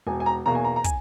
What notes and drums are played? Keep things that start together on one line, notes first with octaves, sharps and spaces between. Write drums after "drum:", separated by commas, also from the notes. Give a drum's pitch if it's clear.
E1 G#5
G#5
A#5
E2 B2 A#3 A#5
G#5
A#5
A#5
G#5, drum: kick, hi-hat